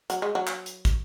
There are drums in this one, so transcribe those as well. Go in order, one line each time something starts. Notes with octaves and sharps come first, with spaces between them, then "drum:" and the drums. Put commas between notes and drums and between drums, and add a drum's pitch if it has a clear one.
F#3, drum: hi-hat
G#3
F#3
drum: clap
drum: hi-hat
drum: kick, hi-hat